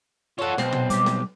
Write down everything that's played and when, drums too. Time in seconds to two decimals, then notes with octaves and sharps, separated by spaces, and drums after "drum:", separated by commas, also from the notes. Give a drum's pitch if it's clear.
0.39 F4 A4 C#5 F#5
0.58 B1 C4 F4 F#4 C5 F#5, drum: snare
0.72 drum: tom
0.90 G3 G4 D6, drum: hi-hat
1.06 drum: snare